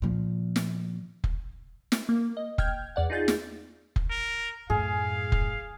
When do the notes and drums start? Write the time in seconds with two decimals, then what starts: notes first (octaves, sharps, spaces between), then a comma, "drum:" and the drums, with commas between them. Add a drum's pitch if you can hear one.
0.02 A#2 F3
0.56 drum: snare
1.24 drum: kick F1
1.92 drum: snare
2.09 A#3
2.37 D#5
2.58 G5 F6 G6 G#6, drum: kick F1
2.96 E2 D5 F#5
3.10 D#4 F4 G#4 G6 A6
3.28 drum: snare
3.96 drum: kick F1
4.10 A#4
4.70 F#2 A2 G#4 F5
5.32 drum: kick F1